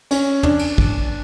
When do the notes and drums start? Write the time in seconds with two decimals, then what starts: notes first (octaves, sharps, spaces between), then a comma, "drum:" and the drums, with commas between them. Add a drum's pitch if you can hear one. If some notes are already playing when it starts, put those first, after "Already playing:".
0.11 C#4, drum: cymbal
0.43 D4, drum: tom
0.59 drum: cymbal
0.78 drum: kick